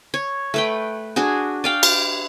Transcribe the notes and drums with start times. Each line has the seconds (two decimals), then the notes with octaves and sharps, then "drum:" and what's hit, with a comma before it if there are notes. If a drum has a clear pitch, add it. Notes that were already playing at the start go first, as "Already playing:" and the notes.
0.14 C#5
0.54 A3 B4 G5
1.16 D4 F#4 G#4
1.64 D5 F5 G5
1.83 drum: cymbal